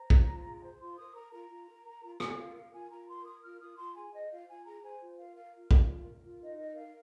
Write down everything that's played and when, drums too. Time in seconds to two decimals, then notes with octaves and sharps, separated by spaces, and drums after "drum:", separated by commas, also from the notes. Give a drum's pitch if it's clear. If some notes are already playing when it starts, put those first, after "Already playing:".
Already playing: C5 A#5
0.10 F4, drum: kick
0.28 F4
0.44 G#4
0.62 C5
0.80 F4 C6
0.97 A#4 D#6
1.15 A#4 A#5
1.32 F4 A#5
1.49 F4
1.68 A#4
1.85 A#4
2.03 F4
2.20 F4 G#5, drum: rim click
2.37 A#4 F5
2.55 A#4 F5
2.72 F4 G#5
2.90 F4 A#5
3.08 A#4 C6
3.25 A#4 D#6
3.43 F4 F6
3.60 F4 D#6
3.78 F4 C6
3.95 G#4 G#5
4.13 C5 D#5
4.31 F4 F5
4.49 F4 G#5
4.65 G#4 A#5
4.83 C5 G#5
5.00 F4
5.18 A#4 F5
5.35 A#4 F5
5.54 F4
5.71 F4, drum: kick
5.88 A#4
6.06 A#4
6.24 F4
6.42 D#4 D#5
6.58 A#4 D#5
6.76 A#4 F5